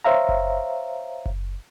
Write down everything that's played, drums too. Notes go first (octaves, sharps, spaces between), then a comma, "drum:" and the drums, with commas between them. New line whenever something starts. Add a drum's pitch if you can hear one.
C5 C#5 E5 F5 A#5
drum: kick F#1
drum: kick F#1